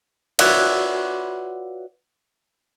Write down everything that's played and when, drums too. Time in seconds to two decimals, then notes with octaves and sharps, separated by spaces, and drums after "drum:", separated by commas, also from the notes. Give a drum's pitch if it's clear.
0.39 F4 F#4 B4 C#5 D5 E5, drum: cymbal